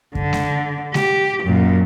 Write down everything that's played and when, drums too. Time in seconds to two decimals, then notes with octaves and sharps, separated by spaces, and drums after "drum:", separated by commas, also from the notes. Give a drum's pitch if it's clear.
0.15 D3, drum: kick F#2
0.33 drum: snare G#3
0.94 G4, drum: snare G#3
1.43 F#2 A#2